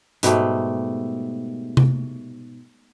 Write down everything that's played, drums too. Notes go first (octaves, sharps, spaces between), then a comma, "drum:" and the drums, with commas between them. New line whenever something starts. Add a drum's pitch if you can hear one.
G#2 B2 G3 A3, drum: hi-hat
drum: tom C3